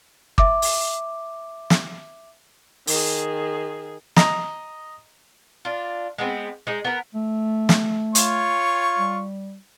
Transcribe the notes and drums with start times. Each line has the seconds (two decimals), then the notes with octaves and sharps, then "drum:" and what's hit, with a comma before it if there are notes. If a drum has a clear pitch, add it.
0.38 E5 D6, drum: kick
0.62 drum: open hi-hat
1.70 drum: snare
2.87 D#3 G#4, drum: open hi-hat
4.16 D#5 A#5, drum: snare
5.65 D4 F4
6.18 G#3 B3 C4
6.67 G#3 D#4
6.85 B3 A#4
7.15 A3
7.69 drum: snare
8.15 F4 C#5 C#6, drum: hi-hat
8.98 G3